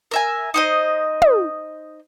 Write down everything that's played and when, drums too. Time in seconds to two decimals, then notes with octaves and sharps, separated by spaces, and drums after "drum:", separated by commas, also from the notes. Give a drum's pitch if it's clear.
0.11 A#4 E5 G#5
0.54 D#4 C5 D#5
1.22 drum: tom